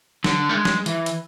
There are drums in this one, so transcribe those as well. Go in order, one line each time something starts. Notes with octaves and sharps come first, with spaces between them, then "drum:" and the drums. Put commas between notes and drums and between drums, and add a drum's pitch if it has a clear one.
D3, drum: snare
A3
G#3
drum: snare
E3, drum: hi-hat
drum: hi-hat